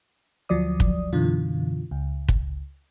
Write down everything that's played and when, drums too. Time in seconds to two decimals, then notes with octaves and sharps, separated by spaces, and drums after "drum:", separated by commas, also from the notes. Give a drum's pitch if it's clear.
0.49 D2 F3 F#3 D5 D#6
0.80 drum: kick
1.13 F#2 B2 D3 E3 F4
1.91 C#2
2.29 drum: kick